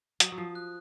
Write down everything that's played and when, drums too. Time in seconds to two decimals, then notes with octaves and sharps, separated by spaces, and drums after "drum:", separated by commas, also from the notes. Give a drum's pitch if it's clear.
0.20 F#3 D#6, drum: hi-hat
0.32 F#3
0.38 F3
0.55 F#6